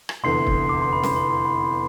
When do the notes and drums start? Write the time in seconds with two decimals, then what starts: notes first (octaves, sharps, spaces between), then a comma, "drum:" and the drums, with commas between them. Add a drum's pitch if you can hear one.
0.09 drum: rim click
0.24 F1 E2 D3 C6 C7
0.47 drum: kick
0.69 D6
0.82 C6
0.93 B5
1.03 B5, drum: snare C#4
1.16 C6
1.30 C6
1.45 B5